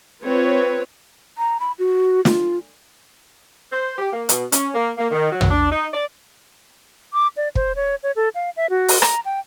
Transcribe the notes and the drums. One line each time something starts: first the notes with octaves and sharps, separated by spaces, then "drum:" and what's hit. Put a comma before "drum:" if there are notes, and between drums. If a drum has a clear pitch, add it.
C4 F4 B4 C#5
A#5
B5
F#4
F4, drum: snare
C5
G4
A#3
B2, drum: hi-hat
C#4, drum: hi-hat
A#3
A#3
D#3
F#3
drum: tom
D4
D#4
D5
D6
D5
C5, drum: kick
C#5
C#5
A4
F5
E5
F#4
drum: open hi-hat
A#5, drum: rim click
G5